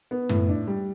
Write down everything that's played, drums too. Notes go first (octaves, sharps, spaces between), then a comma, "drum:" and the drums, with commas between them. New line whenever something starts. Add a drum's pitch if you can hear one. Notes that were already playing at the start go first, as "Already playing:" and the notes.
B3
A2, drum: tom F#2
D4
G3